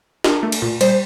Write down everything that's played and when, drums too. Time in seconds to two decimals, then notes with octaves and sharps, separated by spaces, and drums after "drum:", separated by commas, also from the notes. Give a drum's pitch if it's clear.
0.24 D4 A#4, drum: snare
0.43 A3
0.52 drum: cymbal
0.62 A#2
0.81 G3 C5, drum: cymbal